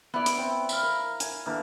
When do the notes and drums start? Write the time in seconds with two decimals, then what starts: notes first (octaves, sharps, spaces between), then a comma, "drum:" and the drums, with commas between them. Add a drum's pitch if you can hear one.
0.14 B3 E4 D5
0.26 drum: hi-hat
0.38 C4
0.69 F5 B5, drum: tambourine
0.83 A#4
1.20 G#5, drum: hi-hat
1.46 D3 E3 A#3